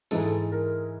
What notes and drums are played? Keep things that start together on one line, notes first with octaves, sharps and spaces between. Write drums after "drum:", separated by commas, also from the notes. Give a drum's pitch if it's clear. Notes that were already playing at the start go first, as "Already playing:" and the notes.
G#2 E3 G#3 A4, drum: tambourine
A#4